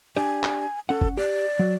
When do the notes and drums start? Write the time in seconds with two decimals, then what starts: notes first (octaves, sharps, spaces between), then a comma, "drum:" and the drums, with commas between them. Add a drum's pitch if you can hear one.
0.16 D4 G4 D5 G#5
0.43 drum: clap
0.89 C#4 A4 F#5
1.01 drum: kick
1.17 G4 D5
1.59 F#3